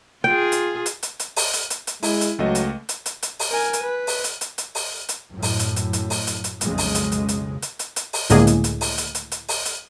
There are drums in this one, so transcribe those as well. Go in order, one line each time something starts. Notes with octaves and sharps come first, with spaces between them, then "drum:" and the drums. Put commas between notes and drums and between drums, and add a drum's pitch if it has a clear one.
F4 G#4 G5
drum: hi-hat
drum: hi-hat
drum: hi-hat
drum: hi-hat
drum: open hi-hat
drum: hi-hat
drum: hi-hat
drum: hi-hat
G#3 E4, drum: open hi-hat
drum: hi-hat
C#2 F#3 A3 D#5
drum: hi-hat
drum: hi-hat
drum: hi-hat
drum: hi-hat
drum: open hi-hat
A#4 G#5
drum: hi-hat
B4
drum: open hi-hat
drum: hi-hat
drum: hi-hat
drum: hi-hat
drum: open hi-hat
drum: hi-hat
F#2 A2
drum: open hi-hat
drum: hi-hat
drum: hi-hat
drum: hi-hat
drum: open hi-hat
drum: hi-hat
drum: hi-hat
B1 F2 C#3 G#3, drum: hi-hat
drum: open hi-hat
drum: hi-hat
drum: hi-hat
drum: hi-hat
drum: hi-hat
drum: hi-hat
drum: hi-hat
drum: open hi-hat
C#2 A2 D3 A#3 G#4 D#5, drum: hi-hat
drum: hi-hat
drum: hi-hat
drum: open hi-hat
drum: hi-hat
drum: hi-hat
drum: hi-hat
drum: open hi-hat
drum: hi-hat